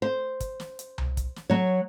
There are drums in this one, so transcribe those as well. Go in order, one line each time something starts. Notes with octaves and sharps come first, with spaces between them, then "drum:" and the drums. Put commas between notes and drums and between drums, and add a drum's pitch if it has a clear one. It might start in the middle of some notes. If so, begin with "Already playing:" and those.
C5
drum: kick, hi-hat
drum: snare
drum: hi-hat
drum: tom C2
drum: kick, hi-hat
drum: snare
F#3 C#5